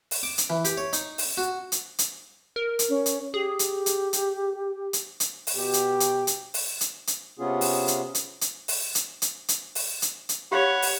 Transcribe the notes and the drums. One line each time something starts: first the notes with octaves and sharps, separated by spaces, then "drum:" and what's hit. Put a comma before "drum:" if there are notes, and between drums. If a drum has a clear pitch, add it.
drum: open hi-hat
D6
drum: hi-hat
E3
G4, drum: hi-hat
C#5
D#4, drum: hi-hat
drum: open hi-hat
F#4
drum: hi-hat
drum: hi-hat
A#4
drum: hi-hat
C#4
drum: hi-hat
G4 G#4
drum: hi-hat
drum: hi-hat
drum: hi-hat
drum: hi-hat
drum: hi-hat
drum: open hi-hat
B2 G4
drum: hi-hat
drum: hi-hat
drum: hi-hat
drum: open hi-hat
drum: hi-hat
drum: hi-hat
C3 B3 C#4 F4 G#4
drum: open hi-hat
drum: hi-hat
drum: hi-hat
drum: hi-hat
drum: open hi-hat
drum: hi-hat
drum: hi-hat
drum: hi-hat
drum: open hi-hat
drum: hi-hat
drum: hi-hat
G4 C#5 F5 F#5 B5
drum: open hi-hat